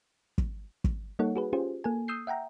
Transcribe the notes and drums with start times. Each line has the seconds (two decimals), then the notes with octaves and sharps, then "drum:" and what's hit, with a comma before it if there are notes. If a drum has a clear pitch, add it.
0.38 drum: kick
0.84 drum: kick
1.19 G3 A#3 D#4 A4 C#5 F#5
1.36 F#4 G#4 B4
1.53 C#4 F4 G4 G#4 C5
1.84 A#3 A4 G#5
2.08 D#6 E6 G6 C7
2.27 E5 F#5 G5 A#5